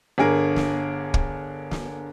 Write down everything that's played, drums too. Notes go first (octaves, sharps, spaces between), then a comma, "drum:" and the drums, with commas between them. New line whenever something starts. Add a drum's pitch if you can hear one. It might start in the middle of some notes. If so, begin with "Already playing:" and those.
G1 D3 G#4 A#4
drum: snare
drum: kick
drum: snare